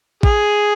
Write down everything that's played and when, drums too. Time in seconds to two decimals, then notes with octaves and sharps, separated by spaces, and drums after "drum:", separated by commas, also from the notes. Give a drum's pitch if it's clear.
0.23 G#4, drum: kick